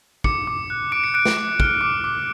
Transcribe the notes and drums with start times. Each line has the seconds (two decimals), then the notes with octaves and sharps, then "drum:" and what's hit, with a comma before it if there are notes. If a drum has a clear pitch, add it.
0.24 D6 C#7, drum: kick
0.47 D6
0.70 F#6
0.92 D6 D7
1.04 C#7
1.14 F#6 D7
1.25 drum: snare
1.37 D6
1.60 F6, drum: kick
1.81 D6
2.04 D6